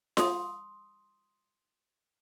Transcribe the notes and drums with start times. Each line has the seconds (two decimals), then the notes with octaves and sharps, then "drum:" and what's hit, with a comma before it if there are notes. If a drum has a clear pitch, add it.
0.17 C6 D#6, drum: snare F4